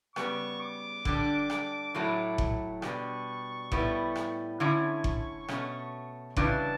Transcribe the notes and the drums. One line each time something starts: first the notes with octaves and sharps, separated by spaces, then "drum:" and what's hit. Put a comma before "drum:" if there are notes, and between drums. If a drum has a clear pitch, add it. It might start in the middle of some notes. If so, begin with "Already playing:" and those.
C#3 G3 B3 C#6, drum: rim click
D6
D3 G3 D4, drum: kick F#1
drum: rim click
A2 F#3 A3 E4
drum: kick F#1
B2 G3 D4 C#6, drum: rim click
A2 G3 B3 E4, drum: kick F#1
drum: rim click
D3 A3 C#4 E4 C#6
drum: kick F#1
B2 A3 C#4, drum: rim click
C#3 E3 G3 D4 A5, drum: kick F#1